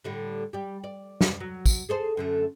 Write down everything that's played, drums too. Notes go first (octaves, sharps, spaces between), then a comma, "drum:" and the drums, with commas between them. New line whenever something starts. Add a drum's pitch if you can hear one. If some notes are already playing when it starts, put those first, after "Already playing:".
A2 D3 G3
G3 G4
D5
drum: snare
F#3
drum: kick, tambourine
G#4 A4 C5
F#2 D3 A3